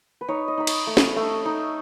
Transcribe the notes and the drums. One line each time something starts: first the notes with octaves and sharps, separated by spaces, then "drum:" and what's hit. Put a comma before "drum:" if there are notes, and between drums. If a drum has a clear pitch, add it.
B4
D#4 C#5
D#5
D#4 B5
C#6, drum: cymbal
A3
drum: snare
A3
D#4